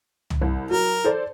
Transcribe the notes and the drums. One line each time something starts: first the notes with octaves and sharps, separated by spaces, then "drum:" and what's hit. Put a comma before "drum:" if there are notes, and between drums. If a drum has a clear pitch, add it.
drum: tom
C2
F#3 A#4
A4 C5 D5